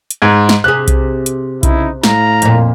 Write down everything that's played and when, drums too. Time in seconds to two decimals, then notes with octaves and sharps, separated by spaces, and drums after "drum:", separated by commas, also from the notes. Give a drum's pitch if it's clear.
0.11 drum: hi-hat
0.22 G#2 G#6
0.49 drum: snare
0.64 C3 G#4 F#6
0.88 drum: kick B1, hi-hat
1.26 drum: hi-hat
1.63 C#3 D#4 E4, drum: kick B1, hi-hat
2.04 A2 F5 A#5, drum: snare
2.42 F2 A#2, drum: hi-hat